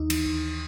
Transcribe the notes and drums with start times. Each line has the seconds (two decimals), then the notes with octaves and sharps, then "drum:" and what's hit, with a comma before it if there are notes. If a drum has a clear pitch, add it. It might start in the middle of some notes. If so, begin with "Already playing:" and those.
Already playing: D#2 D#4
0.10 E3, drum: cymbal
0.26 D#2